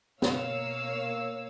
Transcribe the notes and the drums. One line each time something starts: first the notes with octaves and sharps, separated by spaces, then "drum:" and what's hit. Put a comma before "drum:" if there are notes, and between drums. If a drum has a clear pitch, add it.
B2 A#3 C#5 F5 E6, drum: snare